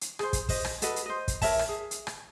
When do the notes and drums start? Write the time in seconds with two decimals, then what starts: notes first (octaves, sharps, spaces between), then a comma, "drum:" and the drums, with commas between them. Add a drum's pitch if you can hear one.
0.01 drum: hi-hat
0.19 G#4 C5, drum: rim click
0.33 drum: kick, hi-hat
0.49 C5 D#5, drum: kick, open hi-hat
0.65 drum: rim click
0.82 F#4 A4 B4 D#5, drum: hi-hat
0.96 drum: hi-hat
1.06 C5 D#5
1.28 drum: kick, hi-hat
1.42 A#4 C#5 E5 A5, drum: kick, open hi-hat
1.59 drum: rim click
1.69 G#4
1.91 drum: hi-hat
2.07 drum: rim click